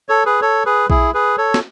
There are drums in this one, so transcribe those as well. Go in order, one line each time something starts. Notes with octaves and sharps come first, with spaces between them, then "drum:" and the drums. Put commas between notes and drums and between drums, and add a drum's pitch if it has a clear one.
A4 C#5
G#4 B4
A4 C#5
G#4 B4
E4 G#4, drum: kick B1
G#4 B4
A4 C#5
drum: snare